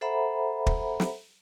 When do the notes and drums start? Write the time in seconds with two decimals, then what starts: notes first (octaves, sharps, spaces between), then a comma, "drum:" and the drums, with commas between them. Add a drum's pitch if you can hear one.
0.01 A4 C5 E5 F#5 A#5 B5
0.66 drum: kick
1.00 drum: snare